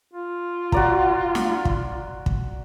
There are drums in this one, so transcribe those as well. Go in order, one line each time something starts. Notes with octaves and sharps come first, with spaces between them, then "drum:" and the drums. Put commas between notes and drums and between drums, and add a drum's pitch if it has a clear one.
F4
F#4 D5 A#5, drum: kick
drum: snare
drum: kick
drum: kick